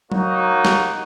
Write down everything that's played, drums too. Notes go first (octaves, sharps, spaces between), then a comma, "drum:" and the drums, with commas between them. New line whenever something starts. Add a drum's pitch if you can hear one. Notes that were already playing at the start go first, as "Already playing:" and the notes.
A#3 D#4 F#4 C#5, drum: tom F#3
drum: snare